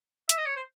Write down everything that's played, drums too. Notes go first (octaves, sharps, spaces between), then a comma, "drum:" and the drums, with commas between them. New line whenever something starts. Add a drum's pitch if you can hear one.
E5, drum: hi-hat
D#5
C#5
C5